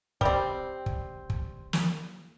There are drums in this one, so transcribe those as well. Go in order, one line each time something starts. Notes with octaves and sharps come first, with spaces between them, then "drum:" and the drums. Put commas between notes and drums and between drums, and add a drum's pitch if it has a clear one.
G3 C4, drum: kick
drum: kick
drum: kick
drum: snare